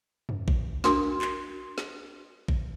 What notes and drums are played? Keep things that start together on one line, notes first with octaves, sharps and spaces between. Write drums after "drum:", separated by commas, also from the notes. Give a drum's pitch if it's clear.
drum: tom
drum: kick A#1
D4 F#4 A#4 C6 D#6, drum: snare
drum: clap
drum: snare
drum: kick A#1